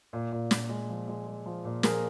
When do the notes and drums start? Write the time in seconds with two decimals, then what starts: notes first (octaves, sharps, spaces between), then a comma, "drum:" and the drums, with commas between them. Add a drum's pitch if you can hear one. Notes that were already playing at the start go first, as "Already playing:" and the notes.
0.13 A#2
0.32 A#2
0.51 A#2, drum: snare
0.69 G#3
0.89 F3
1.08 G#3
1.27 G#3
1.46 F3
1.65 A#2
1.83 F3 G#4 A#4, drum: snare